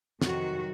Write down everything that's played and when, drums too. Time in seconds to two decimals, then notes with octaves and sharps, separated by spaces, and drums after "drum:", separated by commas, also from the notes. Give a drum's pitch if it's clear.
0.22 F2 C3 D#3 F#3 F#4, drum: snare